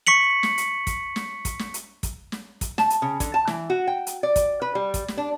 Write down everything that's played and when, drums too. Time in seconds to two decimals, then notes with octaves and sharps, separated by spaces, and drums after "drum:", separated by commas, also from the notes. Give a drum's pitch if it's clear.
0.07 C#6 B6 C#7 F#7
0.43 drum: snare
0.58 drum: hi-hat
0.87 drum: kick, hi-hat
1.16 drum: snare
1.45 drum: kick, hi-hat
1.59 drum: snare
1.74 drum: hi-hat
2.03 drum: kick, hi-hat
2.32 drum: snare
2.61 drum: kick, hi-hat
2.78 A5, drum: snare
2.90 drum: hi-hat
3.02 C#3
3.20 D3, drum: kick, hi-hat
3.34 A5
3.47 E3, drum: snare
3.70 F#4
3.87 G5
4.07 drum: hi-hat
4.23 D5
4.36 drum: kick, hi-hat
4.62 B4
4.75 G3
4.94 drum: kick, hi-hat
5.08 drum: snare
5.17 D4